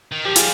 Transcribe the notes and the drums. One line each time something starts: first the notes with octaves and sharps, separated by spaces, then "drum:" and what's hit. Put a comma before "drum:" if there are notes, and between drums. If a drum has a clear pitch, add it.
D#3
F3 G4
G3 F4 G#4, drum: hi-hat